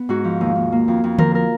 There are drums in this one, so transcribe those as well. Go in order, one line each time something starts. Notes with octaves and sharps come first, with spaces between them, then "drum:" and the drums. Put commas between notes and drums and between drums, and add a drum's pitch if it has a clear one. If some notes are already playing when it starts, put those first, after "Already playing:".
Already playing: B3
G#2 F#4
F3
D#2
D#2
A#3
F2
F2
F3 A#4, drum: tom D3
A#4